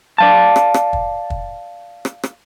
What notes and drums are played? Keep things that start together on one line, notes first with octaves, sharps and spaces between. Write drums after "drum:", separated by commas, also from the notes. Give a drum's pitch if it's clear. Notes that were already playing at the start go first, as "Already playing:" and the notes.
D5 F5 A5
drum: rim click
drum: rim click
drum: kick
drum: kick
drum: rim click
drum: rim click